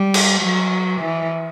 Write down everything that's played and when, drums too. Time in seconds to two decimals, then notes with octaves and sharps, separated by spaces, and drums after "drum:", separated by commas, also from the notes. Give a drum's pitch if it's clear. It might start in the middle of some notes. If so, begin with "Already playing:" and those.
Already playing: G3
0.14 drum: cymbal
0.41 F#3
1.01 E3